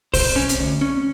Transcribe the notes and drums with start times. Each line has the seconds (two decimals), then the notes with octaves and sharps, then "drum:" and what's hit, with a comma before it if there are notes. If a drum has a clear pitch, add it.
0.14 C5, drum: kick, open hi-hat
0.36 C#4
0.49 drum: hi-hat
0.59 D2
0.81 C#4